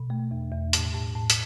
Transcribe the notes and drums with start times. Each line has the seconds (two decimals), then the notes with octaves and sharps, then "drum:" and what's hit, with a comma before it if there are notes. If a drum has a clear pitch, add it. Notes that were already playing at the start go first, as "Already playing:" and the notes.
Already playing: B2
0.10 A3
0.31 E2
0.52 E2
0.73 A2, drum: hi-hat
0.94 A2
1.15 A2
1.30 drum: hi-hat